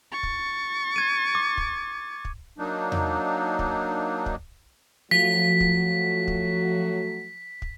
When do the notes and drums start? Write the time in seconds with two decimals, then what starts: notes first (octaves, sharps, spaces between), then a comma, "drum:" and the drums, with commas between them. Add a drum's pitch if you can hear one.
0.12 C#6 A6
0.23 drum: kick
0.96 G#6 D#7
1.35 D6
1.57 drum: kick
2.25 drum: kick
2.58 F#3 A#3 D4 D#4
2.92 drum: tom E2
3.59 drum: kick
4.26 drum: kick
5.11 F3 F#3 A3 F#4 B6
5.60 drum: kick
6.28 drum: kick
7.62 drum: kick